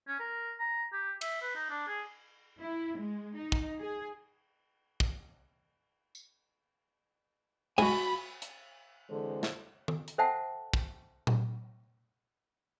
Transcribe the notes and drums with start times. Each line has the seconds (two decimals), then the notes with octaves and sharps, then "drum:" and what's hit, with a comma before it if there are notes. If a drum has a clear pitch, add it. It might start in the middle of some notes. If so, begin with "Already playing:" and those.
0.07 C#4
0.19 A#4
0.59 A#5
0.92 G4
1.21 E5, drum: cymbal
1.42 B4
1.55 D#4
1.70 D4
1.88 G#4
2.59 E4
2.98 G#3
3.36 D#4
3.52 drum: kick
3.79 G#4
5.00 drum: kick
6.15 drum: tambourine
7.78 G#2 F#4 G#5 B5, drum: cymbal
8.42 drum: hi-hat
9.10 D3 E3 G#3 C4 A4 C5
9.43 drum: snare
9.88 drum: tom D#3
10.08 drum: hi-hat
10.18 A4 C5 E5 F#5 G5 A5
10.73 drum: kick
11.27 drum: tom A#2